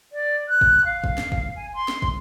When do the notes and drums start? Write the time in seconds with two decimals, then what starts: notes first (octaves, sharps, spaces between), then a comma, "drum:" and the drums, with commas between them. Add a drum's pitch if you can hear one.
0.12 D5
0.49 F#6
0.61 drum: kick
0.85 F5
1.04 drum: kick
1.18 drum: snare
1.32 drum: kick
1.56 G#5
1.74 C6
1.88 drum: snare
2.02 drum: kick